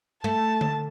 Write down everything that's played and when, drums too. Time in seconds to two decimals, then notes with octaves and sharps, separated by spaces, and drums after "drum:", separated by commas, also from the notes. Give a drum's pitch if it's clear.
0.24 A3 A5
0.61 drum: tom D3